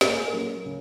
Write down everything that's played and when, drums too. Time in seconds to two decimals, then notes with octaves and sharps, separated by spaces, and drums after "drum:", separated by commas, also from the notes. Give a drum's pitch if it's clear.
0.01 A#2 A#4, drum: snare
0.13 G#4
0.27 A#4
0.33 F#3 A#3 C#4
0.65 C#3